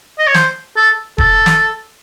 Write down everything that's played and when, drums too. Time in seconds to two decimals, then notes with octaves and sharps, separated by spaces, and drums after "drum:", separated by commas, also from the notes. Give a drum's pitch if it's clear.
0.18 D#5
0.26 C#5
0.34 C5, drum: snare
0.76 A4
1.18 A4, drum: kick E1
1.46 drum: snare